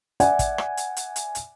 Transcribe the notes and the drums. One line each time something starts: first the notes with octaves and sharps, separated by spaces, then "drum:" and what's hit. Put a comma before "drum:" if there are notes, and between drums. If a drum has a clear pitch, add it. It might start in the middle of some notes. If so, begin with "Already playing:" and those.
D5 E5 F#5 G#5, drum: hi-hat
drum: kick, hi-hat
drum: rim click
drum: hi-hat
drum: hi-hat
drum: hi-hat
drum: hi-hat